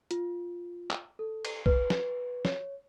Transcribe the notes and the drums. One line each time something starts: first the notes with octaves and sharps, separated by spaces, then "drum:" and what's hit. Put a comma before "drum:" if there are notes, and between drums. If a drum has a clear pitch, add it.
F4, drum: hi-hat
drum: clap
A4
drum: cymbal
B4, drum: kick B1
drum: snare
C#5, drum: snare